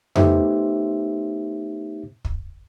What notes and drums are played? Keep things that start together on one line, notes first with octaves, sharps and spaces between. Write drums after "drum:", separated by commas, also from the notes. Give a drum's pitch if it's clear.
A3 B3 D#4 G4 C5 E5, drum: tom F2
drum: kick